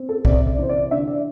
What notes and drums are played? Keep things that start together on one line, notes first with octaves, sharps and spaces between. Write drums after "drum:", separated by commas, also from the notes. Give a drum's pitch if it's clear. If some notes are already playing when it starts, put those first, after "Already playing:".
Already playing: C4
A4
C3 D5, drum: kick B1
D5
E3 C5
D5
D3 E5
D5